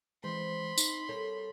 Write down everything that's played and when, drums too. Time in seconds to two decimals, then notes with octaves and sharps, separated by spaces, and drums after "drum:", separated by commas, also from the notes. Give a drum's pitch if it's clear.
0.24 E3 G#3 C4 B5 C6
0.78 D#4, drum: tambourine
1.09 G3 A4 A#4 C#5